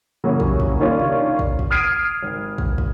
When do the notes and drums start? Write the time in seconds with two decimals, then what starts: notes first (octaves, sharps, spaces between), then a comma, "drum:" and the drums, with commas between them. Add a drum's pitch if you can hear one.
0.24 C#3 E3 F#3 G3 A#3 C#4
0.40 drum: kick
0.60 drum: kick
0.80 D#3 G3 A#3 C#4 D4 F4
0.99 drum: tom B2
1.39 drum: kick
1.59 drum: kick
1.70 D#6 F6 G#6 C7 D7 D#7
2.22 G#1
2.58 drum: kick
2.78 drum: kick